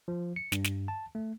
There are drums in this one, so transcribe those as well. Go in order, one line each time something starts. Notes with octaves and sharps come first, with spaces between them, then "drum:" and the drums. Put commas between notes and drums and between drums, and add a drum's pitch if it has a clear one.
F3
C#7
G2, drum: snare
drum: snare
A5
A3